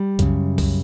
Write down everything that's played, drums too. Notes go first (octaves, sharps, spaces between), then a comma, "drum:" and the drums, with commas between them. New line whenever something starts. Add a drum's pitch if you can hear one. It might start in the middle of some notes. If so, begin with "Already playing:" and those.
Already playing: G3
F#2 C#3, drum: kick C2, hi-hat
drum: kick C2, open hi-hat